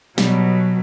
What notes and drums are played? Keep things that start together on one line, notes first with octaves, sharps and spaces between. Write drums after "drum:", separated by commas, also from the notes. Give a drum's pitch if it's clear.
B2 F#3 G3, drum: snare